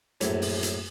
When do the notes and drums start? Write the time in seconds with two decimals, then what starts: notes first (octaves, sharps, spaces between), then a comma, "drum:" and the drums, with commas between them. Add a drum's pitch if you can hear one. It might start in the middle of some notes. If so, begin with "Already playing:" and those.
0.21 A#1 F#2 A2, drum: hi-hat
0.42 drum: open hi-hat
0.63 drum: hi-hat